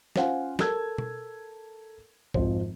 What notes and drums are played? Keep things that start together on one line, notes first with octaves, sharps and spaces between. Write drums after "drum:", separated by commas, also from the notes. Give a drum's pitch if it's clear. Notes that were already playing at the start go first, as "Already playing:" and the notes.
C#4 F4 C5 F5 F#5 G#5, drum: snare
A4 A#4 A5 E6 G#6, drum: snare
drum: tom
G#1 F2 F3 C5, drum: kick B1